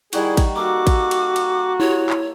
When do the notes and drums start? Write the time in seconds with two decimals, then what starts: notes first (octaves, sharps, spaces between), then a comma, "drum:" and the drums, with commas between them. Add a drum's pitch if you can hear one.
0.13 D#3 G3 E4 F#4 G#4, drum: cymbal
0.37 drum: kick A1, cymbal
0.56 A#3 F#4 A4 D6
0.87 drum: kick A1, cymbal
1.11 drum: cymbal
1.36 drum: cymbal
1.80 E4 G4 C#5
2.10 drum: clap